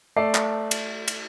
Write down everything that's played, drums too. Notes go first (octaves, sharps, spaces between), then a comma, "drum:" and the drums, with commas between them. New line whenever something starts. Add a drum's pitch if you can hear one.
A3 D5 A5 C7
drum: clap
drum: cymbal
drum: cymbal